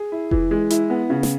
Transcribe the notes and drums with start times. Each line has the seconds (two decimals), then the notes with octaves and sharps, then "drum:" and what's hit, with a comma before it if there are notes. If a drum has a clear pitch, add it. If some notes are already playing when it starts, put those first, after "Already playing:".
Already playing: G#4
0.12 E4
0.31 E3, drum: kick F1
0.51 G#3
0.70 E4, drum: hi-hat
0.90 B3
1.10 C#3
1.23 drum: snare